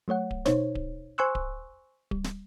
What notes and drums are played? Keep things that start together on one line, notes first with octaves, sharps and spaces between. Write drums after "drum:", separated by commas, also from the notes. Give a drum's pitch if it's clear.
F#3 A3 C#5 F#5
drum: kick D1
B2 D#4 C5 C#5, drum: snare
drum: kick D1
C5 G#5 C6 C#6 E6 F#6
drum: kick D1
G3, drum: kick D1
drum: snare